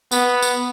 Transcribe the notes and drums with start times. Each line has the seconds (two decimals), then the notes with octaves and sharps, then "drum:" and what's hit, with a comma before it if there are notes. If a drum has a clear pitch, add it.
0.12 B3, drum: tambourine
0.42 drum: tambourine